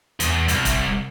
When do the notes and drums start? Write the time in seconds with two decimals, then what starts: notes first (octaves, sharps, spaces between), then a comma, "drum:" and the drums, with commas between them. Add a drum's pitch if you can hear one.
0.20 E2, drum: hi-hat
0.48 C2, drum: hi-hat
0.65 drum: kick, hi-hat